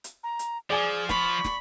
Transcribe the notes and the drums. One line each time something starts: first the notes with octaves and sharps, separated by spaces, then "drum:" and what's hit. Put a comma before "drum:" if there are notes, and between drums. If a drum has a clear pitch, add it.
drum: hi-hat
A#5
drum: hi-hat
F3 G#4 D5 G#5
B5 C#6, drum: snare
drum: snare